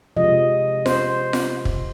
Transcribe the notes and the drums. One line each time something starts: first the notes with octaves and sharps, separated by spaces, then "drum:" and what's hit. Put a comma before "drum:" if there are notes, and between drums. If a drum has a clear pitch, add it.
C3 F3 G#3 D#5
C5, drum: snare F4
drum: snare F4
drum: kick